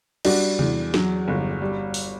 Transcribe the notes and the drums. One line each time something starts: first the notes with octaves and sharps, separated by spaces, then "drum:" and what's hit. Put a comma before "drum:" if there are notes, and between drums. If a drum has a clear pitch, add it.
G3 D4 F#4, drum: cymbal
E2, drum: tom C3
F#3, drum: snare
G1
G3
drum: open hi-hat